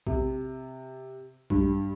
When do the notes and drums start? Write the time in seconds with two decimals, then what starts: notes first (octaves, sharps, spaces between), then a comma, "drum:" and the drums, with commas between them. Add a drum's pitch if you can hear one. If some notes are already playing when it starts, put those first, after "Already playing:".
0.07 C3, drum: kick A#1
1.50 G2, drum: kick A#1